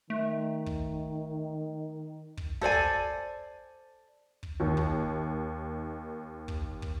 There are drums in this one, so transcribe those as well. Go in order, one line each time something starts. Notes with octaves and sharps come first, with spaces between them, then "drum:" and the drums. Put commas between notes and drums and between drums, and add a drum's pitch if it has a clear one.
D#3 A3
drum: kick
drum: kick
A4 C5 D5 G#5
drum: kick
drum: kick
D#2 D#3
drum: kick
drum: kick
drum: kick